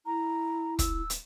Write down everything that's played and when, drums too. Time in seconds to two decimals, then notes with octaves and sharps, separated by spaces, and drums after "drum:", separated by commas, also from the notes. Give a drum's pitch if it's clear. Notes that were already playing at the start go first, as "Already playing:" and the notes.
0.06 E4 A#5
0.79 E6, drum: kick, hi-hat
1.10 drum: hi-hat